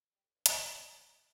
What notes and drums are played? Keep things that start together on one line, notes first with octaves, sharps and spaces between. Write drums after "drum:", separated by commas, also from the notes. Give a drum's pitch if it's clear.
G3
A2
G2
G2, drum: hi-hat
A2
C3
D3
E3
G3
E3